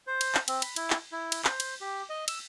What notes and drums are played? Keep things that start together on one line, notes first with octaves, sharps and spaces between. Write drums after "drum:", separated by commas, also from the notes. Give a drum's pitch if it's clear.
C5
drum: cymbal
drum: clap
C4, drum: cymbal
B5, drum: cymbal
E4, drum: cymbal
drum: clap
E4
drum: cymbal
C5, drum: clap
drum: cymbal
G4
D#5
E6, drum: cymbal